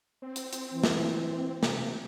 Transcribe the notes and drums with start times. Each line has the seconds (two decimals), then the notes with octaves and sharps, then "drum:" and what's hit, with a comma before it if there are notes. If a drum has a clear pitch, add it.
0.22 C4
0.36 drum: hi-hat
0.53 drum: hi-hat
0.74 E3
0.84 drum: snare
1.63 C3, drum: snare